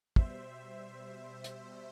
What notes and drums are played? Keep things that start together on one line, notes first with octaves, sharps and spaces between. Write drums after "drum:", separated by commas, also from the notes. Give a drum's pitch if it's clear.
B2 G3 C5 E5, drum: kick
drum: hi-hat